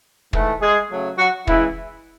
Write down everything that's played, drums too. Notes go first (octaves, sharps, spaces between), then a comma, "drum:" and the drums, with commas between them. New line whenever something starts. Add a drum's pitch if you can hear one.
G#2 E3 A3, drum: kick
G#3 G#4
C#3 F#3 A3
F#3 F#4
C#3 E3 G#3 E4, drum: kick